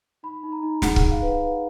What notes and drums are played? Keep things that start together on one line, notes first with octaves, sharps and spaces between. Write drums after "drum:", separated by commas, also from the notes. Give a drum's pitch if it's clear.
D#4 B5
D#4
A#5
D#4
G#4 F#5, drum: snare
F#5, drum: kick
D#4
F5
B4 F#5
B4